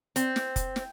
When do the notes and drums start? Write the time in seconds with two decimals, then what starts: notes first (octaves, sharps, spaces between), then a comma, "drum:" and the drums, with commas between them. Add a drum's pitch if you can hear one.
0.16 C4, drum: hi-hat
0.36 drum: snare
0.56 drum: kick F1, hi-hat
0.76 drum: snare